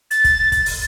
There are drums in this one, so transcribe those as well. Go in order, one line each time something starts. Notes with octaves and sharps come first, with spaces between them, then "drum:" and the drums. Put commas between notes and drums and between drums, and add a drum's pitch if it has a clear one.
A6, drum: hi-hat
drum: kick, hi-hat
drum: kick, hi-hat
drum: open hi-hat